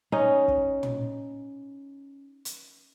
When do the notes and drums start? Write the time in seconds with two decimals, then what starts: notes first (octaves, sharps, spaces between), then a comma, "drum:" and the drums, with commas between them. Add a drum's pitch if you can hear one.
0.12 C#4 D#4
0.48 drum: kick
0.83 drum: tom
2.45 drum: hi-hat